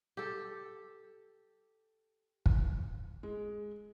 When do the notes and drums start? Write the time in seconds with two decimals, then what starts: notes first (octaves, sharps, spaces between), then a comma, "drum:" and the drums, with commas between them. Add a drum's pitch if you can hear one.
0.17 G4 A4
2.46 drum: kick
3.23 G#3